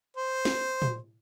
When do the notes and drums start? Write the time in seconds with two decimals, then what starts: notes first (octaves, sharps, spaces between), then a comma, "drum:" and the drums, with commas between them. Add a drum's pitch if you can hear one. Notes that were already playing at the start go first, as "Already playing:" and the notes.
0.16 C5
0.45 drum: snare
0.82 drum: tom